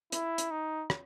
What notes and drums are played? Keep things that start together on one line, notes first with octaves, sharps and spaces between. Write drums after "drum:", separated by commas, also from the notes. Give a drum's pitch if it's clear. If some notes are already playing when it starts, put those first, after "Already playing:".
E4, drum: hi-hat
drum: hi-hat
D#4
drum: rim click